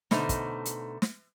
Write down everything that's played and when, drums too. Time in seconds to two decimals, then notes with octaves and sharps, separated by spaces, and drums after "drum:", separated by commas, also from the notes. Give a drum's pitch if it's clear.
0.11 B2 D3 A3 D#4 C5, drum: snare
0.29 drum: kick, hi-hat
0.65 drum: hi-hat
1.02 drum: snare